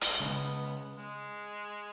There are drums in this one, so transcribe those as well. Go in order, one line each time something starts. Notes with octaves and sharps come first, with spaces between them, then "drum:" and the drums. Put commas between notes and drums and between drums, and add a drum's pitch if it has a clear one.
G#3, drum: hi-hat
A3
C#3 G#3 B3 C#4
G#3